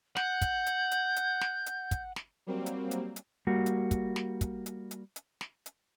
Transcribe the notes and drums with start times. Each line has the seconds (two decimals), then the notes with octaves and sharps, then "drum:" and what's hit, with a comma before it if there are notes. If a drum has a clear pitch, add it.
0.17 F#5 G6, drum: snare
0.41 drum: kick, hi-hat
0.66 drum: hi-hat
0.91 drum: hi-hat
1.16 drum: hi-hat
1.41 drum: snare
1.66 drum: hi-hat
1.91 drum: kick, hi-hat
2.16 drum: snare
2.47 F#3 G3 A#3 C4
2.66 drum: hi-hat
2.91 drum: hi-hat
3.16 drum: hi-hat
3.47 G3 A#3 F#4
3.66 drum: hi-hat
3.91 drum: kick, hi-hat
4.16 drum: snare
4.41 drum: kick, hi-hat
4.66 drum: hi-hat
4.91 drum: hi-hat
5.16 drum: hi-hat
5.41 drum: snare
5.66 drum: hi-hat